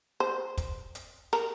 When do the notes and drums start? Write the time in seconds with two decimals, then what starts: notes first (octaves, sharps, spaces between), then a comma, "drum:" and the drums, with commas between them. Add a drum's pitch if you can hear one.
0.20 C5
0.57 drum: kick, hi-hat
0.95 drum: hi-hat
1.33 A#4, drum: snare